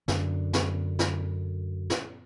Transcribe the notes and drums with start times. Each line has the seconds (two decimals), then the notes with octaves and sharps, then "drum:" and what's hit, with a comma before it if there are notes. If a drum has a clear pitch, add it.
0.08 F#2 D3, drum: snare
0.53 drum: snare
0.99 drum: snare
1.90 drum: snare